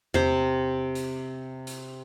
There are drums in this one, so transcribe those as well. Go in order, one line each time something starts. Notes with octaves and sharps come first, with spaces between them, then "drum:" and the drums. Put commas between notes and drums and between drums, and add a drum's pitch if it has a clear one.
C3 C5, drum: tom E2
drum: hi-hat
drum: hi-hat